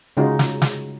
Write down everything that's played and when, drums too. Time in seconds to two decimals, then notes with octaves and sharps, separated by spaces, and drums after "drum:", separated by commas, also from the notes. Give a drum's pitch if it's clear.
0.17 C#3 G#3 D#4 F4 F#4
0.39 drum: snare
0.62 drum: snare